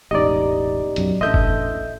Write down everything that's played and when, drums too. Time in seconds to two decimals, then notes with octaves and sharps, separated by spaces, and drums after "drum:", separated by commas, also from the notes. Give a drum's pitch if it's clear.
0.11 E1 A1 D#4 G4 D5 D#5
0.96 B1 F#2 F#3, drum: hi-hat
1.21 A1 D4 A4 D#5 E5 C6 G6
1.34 drum: kick F#1